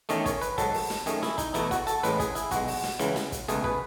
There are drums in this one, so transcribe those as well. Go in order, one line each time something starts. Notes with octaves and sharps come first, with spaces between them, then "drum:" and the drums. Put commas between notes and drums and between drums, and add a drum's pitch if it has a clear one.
E2 D#3 A3 C#4 D#5, drum: hi-hat
C#5, drum: kick, hi-hat
B4, drum: hi-hat
G#2 D#3 F#3 A4, drum: kick, hi-hat
drum: open hi-hat
drum: snare
F#2 D#3 A3 C#4 G#4, drum: hi-hat
E4, drum: snare
D#4, drum: kick, hi-hat
E2 B2 A3 E4, drum: hi-hat
F#4, drum: kick, hi-hat
A4, drum: hi-hat
A1 A2 G#3 B4, drum: hi-hat
G#4, drum: kick, hi-hat
E4, drum: hi-hat
B1 B2 G#3 F#4, drum: kick, hi-hat
drum: open hi-hat
drum: snare
C#2 C#3 E3, drum: hi-hat
drum: snare
drum: kick, hi-hat
C#2 B2 A3 G#4, drum: hi-hat
B4, drum: kick